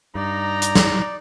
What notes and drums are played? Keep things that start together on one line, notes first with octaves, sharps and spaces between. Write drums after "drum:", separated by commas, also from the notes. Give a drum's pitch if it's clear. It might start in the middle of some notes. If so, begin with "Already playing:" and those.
G2 D#4 D5 A#5
drum: hi-hat
drum: snare